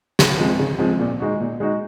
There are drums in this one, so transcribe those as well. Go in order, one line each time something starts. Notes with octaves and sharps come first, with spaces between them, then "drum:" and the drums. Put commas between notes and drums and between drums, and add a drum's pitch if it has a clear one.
C#3, drum: snare
F3 G#3 C4
C#3
F3 G#3 C4
A#2
G#3 D#4 F#4
A#2
G#3 D#4 F#4